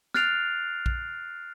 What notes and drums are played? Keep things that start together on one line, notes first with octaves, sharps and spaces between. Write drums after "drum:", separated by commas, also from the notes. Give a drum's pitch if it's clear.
F6 F#6 A6 C7 D7 F7, drum: snare
drum: kick A#1